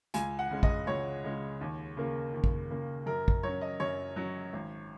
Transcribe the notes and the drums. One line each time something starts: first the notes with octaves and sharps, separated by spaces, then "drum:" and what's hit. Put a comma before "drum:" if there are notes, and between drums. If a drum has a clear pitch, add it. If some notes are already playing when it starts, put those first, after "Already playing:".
C#2 G#5, drum: hi-hat
F#5
C#3 G#3
D#5, drum: kick
C#2 C#5
C#3 G#3
D#2
C#3 A#3
D#2
drum: kick
C#3 A#3
F#2 A#4
drum: kick
F#3 C#4 C#5
D#5
F#2 C#5
F#3 C#4
G#1